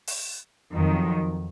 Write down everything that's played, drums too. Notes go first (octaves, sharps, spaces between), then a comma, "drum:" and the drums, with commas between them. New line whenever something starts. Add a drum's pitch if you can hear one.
drum: open hi-hat
F2 D#3 F#3